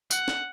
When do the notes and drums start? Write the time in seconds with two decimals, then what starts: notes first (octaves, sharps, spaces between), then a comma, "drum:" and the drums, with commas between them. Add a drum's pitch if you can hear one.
0.11 F#5, drum: tambourine
0.28 drum: snare